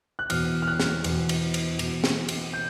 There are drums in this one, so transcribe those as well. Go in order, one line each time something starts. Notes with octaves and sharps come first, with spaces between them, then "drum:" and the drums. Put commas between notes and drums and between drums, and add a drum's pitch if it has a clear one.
F#6
E2 B2 F6, drum: cymbal
F6
F#6
drum: snare
E2 B2, drum: cymbal
drum: cymbal
drum: cymbal
E2 B2, drum: cymbal
drum: snare
drum: cymbal
G6